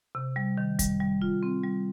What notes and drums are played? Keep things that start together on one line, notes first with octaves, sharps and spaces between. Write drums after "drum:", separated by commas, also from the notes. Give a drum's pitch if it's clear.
C3
G3
D#3
G3, drum: kick F1, hi-hat
G3
F4
C4
G3